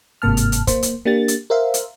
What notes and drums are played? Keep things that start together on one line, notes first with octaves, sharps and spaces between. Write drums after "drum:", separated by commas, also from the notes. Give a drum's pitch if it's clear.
G1 G#2 C3 A#3 A5 F6
drum: hi-hat
drum: hi-hat
A#3 C5, drum: kick, hi-hat
drum: hi-hat
A#3 D4 G4 A6
drum: hi-hat
A#4 C5 E5 F5
drum: hi-hat